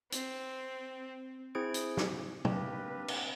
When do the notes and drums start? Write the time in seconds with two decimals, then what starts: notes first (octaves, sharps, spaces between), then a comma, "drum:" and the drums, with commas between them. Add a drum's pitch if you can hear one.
0.12 C4, drum: hi-hat
1.55 C4 E4 G#4 C5 G#6 D7
1.74 drum: hi-hat
1.97 drum: snare
2.45 A#3 C4 D4 G4 A#4 B4, drum: tom
3.08 drum: cymbal